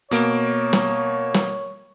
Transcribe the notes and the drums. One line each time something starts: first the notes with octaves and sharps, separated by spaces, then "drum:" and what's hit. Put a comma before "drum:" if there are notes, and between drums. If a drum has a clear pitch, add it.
B2 A#3 C#5 D7, drum: hi-hat
drum: snare
drum: snare